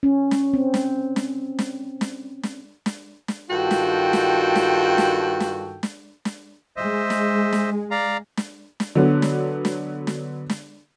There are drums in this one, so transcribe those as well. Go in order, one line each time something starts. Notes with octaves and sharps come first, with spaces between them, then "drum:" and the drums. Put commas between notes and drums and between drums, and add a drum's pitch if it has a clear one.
C#4
drum: snare
C4
drum: snare
drum: snare
drum: snare
drum: snare
drum: snare
drum: snare
drum: snare
G2 D#3 F4 F#4 A4 G5
drum: snare
drum: snare
drum: snare
drum: snare
drum: snare
drum: snare
drum: snare
G#3 C5 D#5 E5
drum: snare
drum: snare
D5 F5 A#5
drum: snare
drum: snare
D3 F#3 B3
drum: snare
drum: snare
drum: snare
drum: snare